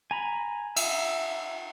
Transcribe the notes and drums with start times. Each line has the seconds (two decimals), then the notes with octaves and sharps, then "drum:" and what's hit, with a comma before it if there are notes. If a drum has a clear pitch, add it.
0.11 G#5 A#5 B5
0.76 E5, drum: cymbal